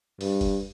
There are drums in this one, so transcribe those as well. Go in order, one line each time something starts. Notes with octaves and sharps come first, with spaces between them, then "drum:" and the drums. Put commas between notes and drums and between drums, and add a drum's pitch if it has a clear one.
G2, drum: open hi-hat
drum: kick F#1, open hi-hat